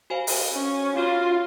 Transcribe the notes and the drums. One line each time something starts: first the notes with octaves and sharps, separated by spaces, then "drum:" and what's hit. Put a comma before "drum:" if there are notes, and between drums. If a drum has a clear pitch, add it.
F#4 C5 F5 G#5
drum: open hi-hat
C#4
C#4 F4 F#4 C#5 F5